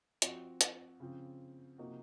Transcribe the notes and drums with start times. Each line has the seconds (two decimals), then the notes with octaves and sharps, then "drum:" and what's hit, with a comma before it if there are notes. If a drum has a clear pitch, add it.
0.22 F3 C4 F#4, drum: hi-hat
0.61 drum: hi-hat
1.00 C#3 F3 C4
1.78 C3 F3 A#3 D#4 F#4